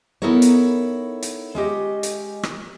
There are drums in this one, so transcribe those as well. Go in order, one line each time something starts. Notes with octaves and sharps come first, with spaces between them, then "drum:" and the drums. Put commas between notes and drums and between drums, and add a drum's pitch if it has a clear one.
B3 D#4 E4 A4 A#4 C#5
drum: hi-hat
drum: hi-hat
G#3 C#4 G4 D#5
drum: hi-hat
drum: rim click